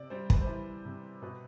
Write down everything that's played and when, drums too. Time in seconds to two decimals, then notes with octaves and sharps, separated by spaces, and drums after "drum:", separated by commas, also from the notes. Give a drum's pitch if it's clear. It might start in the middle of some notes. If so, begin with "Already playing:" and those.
Already playing: C3 D5
0.10 G3 C5
0.30 B4, drum: kick
0.41 C5
0.47 E3 B4
0.85 C3
1.22 B2 B4